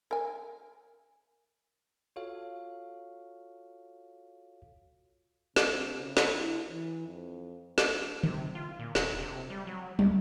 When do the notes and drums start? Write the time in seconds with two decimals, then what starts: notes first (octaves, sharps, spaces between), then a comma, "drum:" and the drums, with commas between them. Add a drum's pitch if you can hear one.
0.11 A#4 G#5
2.16 F4 F#4 A4 C#5 F5
5.56 C3, drum: snare
6.01 C#3
6.17 drum: snare
6.36 E4
6.69 E3
7.07 F2
7.78 drum: snare
8.23 C3, drum: tom D3
8.55 F4
8.79 A#2
8.95 E1, drum: snare
9.20 C3
9.50 G3
9.67 F#3
9.99 D2, drum: tom